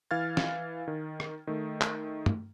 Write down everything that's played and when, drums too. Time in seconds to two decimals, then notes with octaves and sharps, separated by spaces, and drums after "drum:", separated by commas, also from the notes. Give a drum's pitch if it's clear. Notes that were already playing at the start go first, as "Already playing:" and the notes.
0.11 E3 F5 F6 G#6 A6
0.37 drum: snare
0.88 D#3
1.20 drum: rim click
1.47 D#3 A3
1.81 drum: clap
2.26 drum: tom